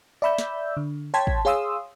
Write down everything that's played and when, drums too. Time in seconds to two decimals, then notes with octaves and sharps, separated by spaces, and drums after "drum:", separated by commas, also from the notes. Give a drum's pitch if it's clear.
0.22 D5 E5 B5 E6 G6
0.38 drum: snare
0.77 D3
1.14 C#5 G5 A5 C6 G#6 B6
1.27 drum: kick
1.45 G#4 C#5 F5 C6 D#6 E6